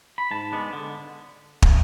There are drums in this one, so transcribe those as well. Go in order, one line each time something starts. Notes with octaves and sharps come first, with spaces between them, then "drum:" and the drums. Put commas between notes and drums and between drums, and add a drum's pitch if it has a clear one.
B5
G#2 A5
G#3 B3 D4
D3
drum: kick